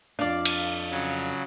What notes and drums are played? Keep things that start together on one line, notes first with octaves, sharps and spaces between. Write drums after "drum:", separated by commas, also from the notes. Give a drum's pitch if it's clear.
F2 D4 D5 F5
drum: cymbal
C#3 F#3